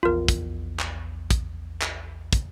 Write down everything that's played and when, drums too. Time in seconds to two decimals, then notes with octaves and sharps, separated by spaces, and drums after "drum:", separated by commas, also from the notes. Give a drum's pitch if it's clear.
0.03 A#1 E2 F4 A#4
0.28 drum: kick, hi-hat
0.79 drum: clap
1.30 drum: kick, hi-hat
1.82 drum: clap
2.33 drum: kick, hi-hat